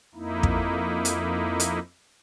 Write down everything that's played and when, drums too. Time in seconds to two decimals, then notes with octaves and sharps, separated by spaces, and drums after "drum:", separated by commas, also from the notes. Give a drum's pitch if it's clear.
0.15 F2 A#3 D#4 E4
0.43 drum: kick
1.05 drum: hi-hat
1.60 drum: hi-hat